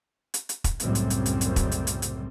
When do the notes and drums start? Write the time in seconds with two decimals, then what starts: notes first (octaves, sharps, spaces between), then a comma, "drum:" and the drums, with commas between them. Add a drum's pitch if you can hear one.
0.34 drum: hi-hat
0.49 drum: hi-hat
0.64 drum: kick E1, hi-hat
0.80 C2 F#2 A2 C#3 G3 C4, drum: hi-hat
0.95 drum: hi-hat
1.10 drum: hi-hat
1.26 drum: hi-hat
1.41 drum: hi-hat
1.56 drum: kick E1, hi-hat
1.72 drum: hi-hat
1.87 drum: hi-hat
2.02 drum: hi-hat